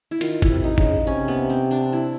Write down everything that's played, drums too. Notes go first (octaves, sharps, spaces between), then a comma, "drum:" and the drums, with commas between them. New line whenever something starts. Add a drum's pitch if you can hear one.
E4
D#3 F4, drum: hi-hat
E4, drum: kick
C3
D#4
C#3, drum: kick
C3 C#4
B3
C4
D4
E4